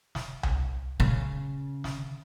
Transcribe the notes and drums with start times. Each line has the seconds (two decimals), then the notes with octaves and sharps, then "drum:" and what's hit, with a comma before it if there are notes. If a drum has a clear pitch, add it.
0.15 drum: snare
0.43 drum: tom C2
1.00 C#3
1.84 drum: snare